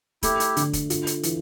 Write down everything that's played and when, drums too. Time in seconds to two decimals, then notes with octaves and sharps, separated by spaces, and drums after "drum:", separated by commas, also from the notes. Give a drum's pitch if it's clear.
0.23 A3 E4 G4, drum: kick, hi-hat
0.40 drum: hi-hat
0.57 D3, drum: hi-hat
0.73 drum: kick, hi-hat
0.90 F4, drum: hi-hat
1.07 drum: hi-hat
1.23 E3, drum: hi-hat